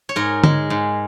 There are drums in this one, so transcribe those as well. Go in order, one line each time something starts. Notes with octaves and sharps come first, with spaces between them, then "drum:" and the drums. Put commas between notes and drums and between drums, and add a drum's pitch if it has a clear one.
C#5
G#2 A#4
G#3, drum: tom D3
G#2